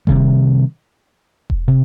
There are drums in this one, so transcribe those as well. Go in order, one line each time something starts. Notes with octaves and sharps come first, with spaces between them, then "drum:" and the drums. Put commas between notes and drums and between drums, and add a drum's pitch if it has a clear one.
C3 D#3 G3, drum: kick E1
drum: kick E1
C3